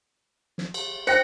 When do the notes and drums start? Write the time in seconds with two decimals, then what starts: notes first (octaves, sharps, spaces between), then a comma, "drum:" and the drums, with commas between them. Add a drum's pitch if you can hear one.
0.58 drum: snare
0.74 drum: cymbal
1.07 C5 G5 F#6 A#6 C#7, drum: cymbal